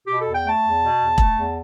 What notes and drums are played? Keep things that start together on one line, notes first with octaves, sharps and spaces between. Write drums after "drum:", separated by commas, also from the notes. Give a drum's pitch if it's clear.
B2 G4
E2 A4
G5
A3 A5
E2
B2
E2
A3, drum: kick E1
E2